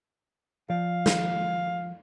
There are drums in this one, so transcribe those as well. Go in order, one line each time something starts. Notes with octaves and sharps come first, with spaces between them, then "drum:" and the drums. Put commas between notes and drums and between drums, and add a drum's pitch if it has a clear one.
F3 D5 F5
drum: snare